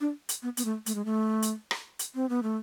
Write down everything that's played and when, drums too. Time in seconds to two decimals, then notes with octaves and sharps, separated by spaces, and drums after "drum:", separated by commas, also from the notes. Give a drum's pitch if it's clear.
0.01 D4
0.29 drum: hi-hat
0.43 B3
0.57 B3, drum: hi-hat
0.65 A3
0.86 A3, drum: hi-hat
0.95 G#3
1.05 A3
1.42 drum: hi-hat
1.71 drum: rim click
1.99 drum: hi-hat
2.15 C4
2.29 B3
2.43 A3